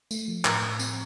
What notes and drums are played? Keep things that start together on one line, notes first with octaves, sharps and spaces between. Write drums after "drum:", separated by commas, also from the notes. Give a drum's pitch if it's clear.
A3, drum: tambourine
F3
A2 A#5, drum: clap
A2
C4, drum: tambourine